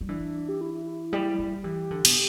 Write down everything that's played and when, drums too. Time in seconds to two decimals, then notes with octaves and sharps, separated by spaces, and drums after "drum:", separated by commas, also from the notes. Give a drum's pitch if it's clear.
0.01 G3
0.09 E3 D4
0.49 G4
0.61 E4
1.13 G3
1.39 G3
1.63 E3 G4
1.91 D3
2.05 B2, drum: cymbal